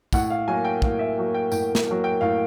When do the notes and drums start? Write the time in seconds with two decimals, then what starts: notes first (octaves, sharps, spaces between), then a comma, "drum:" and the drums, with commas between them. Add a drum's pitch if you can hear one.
0.13 A2 F#5, drum: kick, tambourine
0.30 F5
0.48 F#3 A#3 G#5
0.65 G5
0.82 A2 F5, drum: kick
0.99 E5
1.17 F#3 A#3
1.34 G5
1.52 A2 G5, drum: tambourine
1.75 drum: snare
1.86 F#3 A#3
2.04 G5
2.21 A2 F5